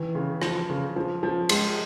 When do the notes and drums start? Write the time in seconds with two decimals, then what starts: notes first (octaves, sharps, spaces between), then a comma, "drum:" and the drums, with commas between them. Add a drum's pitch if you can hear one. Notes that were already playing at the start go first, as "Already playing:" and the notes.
Already playing: D#3 E3
0.15 C#3
0.42 F3, drum: rim click
0.70 C#3
0.96 F3
1.23 F3
1.49 G#3, drum: cymbal